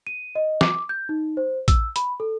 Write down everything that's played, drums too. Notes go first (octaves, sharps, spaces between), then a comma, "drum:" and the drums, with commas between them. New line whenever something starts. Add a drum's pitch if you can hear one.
D#7
D#5
D6, drum: snare
G6
D#4
C5
E6, drum: kick A1, hi-hat
B5, drum: hi-hat
A4